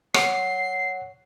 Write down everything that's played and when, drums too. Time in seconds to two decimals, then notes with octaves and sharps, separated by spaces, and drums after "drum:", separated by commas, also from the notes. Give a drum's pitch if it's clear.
0.14 C#5 F#5 C7, drum: rim click